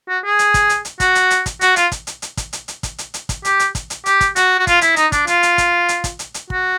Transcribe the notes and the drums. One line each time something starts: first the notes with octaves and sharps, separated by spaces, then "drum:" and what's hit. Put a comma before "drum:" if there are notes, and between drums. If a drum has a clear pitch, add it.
F#4
G#4
drum: hi-hat
drum: kick, hi-hat
drum: hi-hat
drum: hi-hat
F#4, drum: kick, hi-hat
drum: hi-hat
drum: hi-hat
drum: kick, hi-hat
F#4, drum: hi-hat
F4, drum: hi-hat
drum: kick, hi-hat
drum: hi-hat
drum: hi-hat
drum: kick, hi-hat
drum: hi-hat
drum: hi-hat
drum: kick, hi-hat
drum: hi-hat
drum: hi-hat
drum: kick, hi-hat
G4, drum: hi-hat
drum: hi-hat
drum: kick, hi-hat
drum: hi-hat
G4, drum: hi-hat
drum: kick, hi-hat
F#4, drum: hi-hat
F#4
F4, drum: kick, hi-hat
E4, drum: hi-hat
D#4, drum: hi-hat
D4, drum: kick, hi-hat
F4, drum: hi-hat
drum: hi-hat
drum: kick, hi-hat
drum: hi-hat
drum: kick, hi-hat
drum: hi-hat
drum: hi-hat
F#4, drum: kick